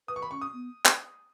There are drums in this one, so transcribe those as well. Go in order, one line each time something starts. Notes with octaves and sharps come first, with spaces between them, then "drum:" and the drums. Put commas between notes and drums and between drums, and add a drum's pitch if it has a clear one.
B4 D#6
C#6
B5
C#4 C#6
D#6
B3
drum: clap